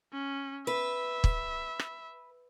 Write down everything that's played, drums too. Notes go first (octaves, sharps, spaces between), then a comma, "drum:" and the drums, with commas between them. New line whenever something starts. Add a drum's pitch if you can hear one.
C#4
B4 E5
drum: kick
drum: rim click